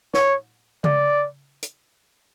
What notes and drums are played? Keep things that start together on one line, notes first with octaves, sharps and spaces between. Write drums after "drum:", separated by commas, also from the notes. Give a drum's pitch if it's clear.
C#5, drum: snare
D5, drum: tom C#3
drum: hi-hat